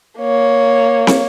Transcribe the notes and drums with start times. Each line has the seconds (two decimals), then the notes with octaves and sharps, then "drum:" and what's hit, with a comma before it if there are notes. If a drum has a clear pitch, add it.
0.19 A#3 C#5
1.07 drum: snare